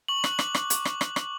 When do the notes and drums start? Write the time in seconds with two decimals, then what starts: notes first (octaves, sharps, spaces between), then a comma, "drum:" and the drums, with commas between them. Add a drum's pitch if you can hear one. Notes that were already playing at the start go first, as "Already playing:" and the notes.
0.08 C#6 F#7
0.24 F#6 F#7, drum: rim click
0.39 D6, drum: rim click
0.55 D6, drum: rim click
0.70 D6, drum: hi-hat
0.85 drum: rim click
1.01 drum: rim click
1.16 drum: rim click